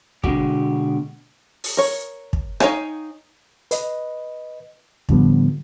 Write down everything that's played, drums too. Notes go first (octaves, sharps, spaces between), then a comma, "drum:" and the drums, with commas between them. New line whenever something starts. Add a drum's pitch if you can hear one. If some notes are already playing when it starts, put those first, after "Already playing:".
B2 D3 G#3 F#4 G4, drum: kick
drum: open hi-hat
A#4 C#5
drum: kick
D#4 C#5 F5 G5 G#5, drum: rim click
B4 D#5, drum: hi-hat
A2 D3 F3 G3 B3, drum: kick